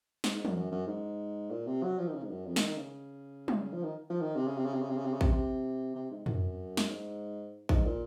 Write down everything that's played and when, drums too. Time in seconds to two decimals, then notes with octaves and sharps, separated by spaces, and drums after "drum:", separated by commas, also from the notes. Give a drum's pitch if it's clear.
0.24 G#2, drum: snare
0.34 G#2
0.45 F#2, drum: tom
0.55 F#2
0.71 F#2
0.87 G#2
1.50 A#2
1.66 C3
1.82 F#3
1.98 F3
2.07 D#3
2.14 C#3
2.23 G#2
2.30 F#2
2.46 F2
2.56 D#3, drum: snare
2.67 D#3
2.77 C#3
3.48 drum: tom
3.73 F3
3.83 D#3
4.10 F3
4.21 D#3
4.36 C3
4.47 C#3
4.57 C3
4.65 C#3
4.73 C3
4.81 C#3
4.89 C3
4.97 C#3
5.05 C3
5.13 C#3
5.21 C3, drum: kick A1
5.31 C3
5.95 C3
6.10 G#2
6.26 F#2, drum: tom
6.77 drum: snare
6.90 G#2
7.69 G#2, drum: kick A1
7.85 A#2